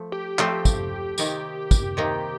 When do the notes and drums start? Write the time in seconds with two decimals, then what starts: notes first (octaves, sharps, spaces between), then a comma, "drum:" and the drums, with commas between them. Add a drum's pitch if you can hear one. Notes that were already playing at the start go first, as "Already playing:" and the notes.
Already playing: F3 A3
0.12 G4
0.39 F3 A3 C4 F4, drum: clap
0.65 drum: kick, tambourine
1.18 C3 D#3 A#3 D#4 G4, drum: tambourine
1.71 drum: kick, tambourine
1.97 C3 D#3 A#3 D#4